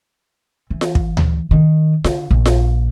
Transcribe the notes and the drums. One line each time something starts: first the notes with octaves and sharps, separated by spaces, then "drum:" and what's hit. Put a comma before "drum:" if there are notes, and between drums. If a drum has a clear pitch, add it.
E3
drum: snare F4
drum: kick
drum: tom D2
D#3
D3, drum: snare F4
A#1
drum: snare F4